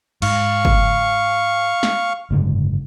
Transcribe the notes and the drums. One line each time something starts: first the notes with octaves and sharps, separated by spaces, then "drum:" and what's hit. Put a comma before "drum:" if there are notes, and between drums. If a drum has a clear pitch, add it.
G#2 F5 C#6, drum: cymbal
drum: kick
drum: snare
F#1 G#2 D3